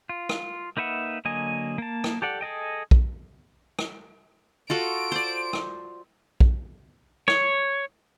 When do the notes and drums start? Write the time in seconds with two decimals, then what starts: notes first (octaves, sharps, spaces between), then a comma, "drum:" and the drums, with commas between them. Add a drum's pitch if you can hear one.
0.09 F4
0.29 drum: rim click
0.77 A#3 D#4 B4 E5 F#5
1.25 D3 F#3 A#3 D#5 G#5
1.78 A#3 A5
2.04 drum: rim click
2.22 G4 A4 D5 F#5
2.41 G#4 A4 D#5 G5
2.91 drum: kick A#1
3.79 drum: rim click
4.70 F4 F#4 A4 D7
5.12 C5 D5
5.53 drum: rim click
6.40 drum: kick A#1
7.28 C#5, drum: rim click